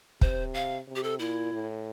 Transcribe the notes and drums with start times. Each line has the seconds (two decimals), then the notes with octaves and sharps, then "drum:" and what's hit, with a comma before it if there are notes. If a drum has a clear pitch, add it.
0.21 C3 C5, drum: kick
0.54 F5
0.87 C3
0.96 G4
1.03 A4
1.19 A#2 E4
1.53 A2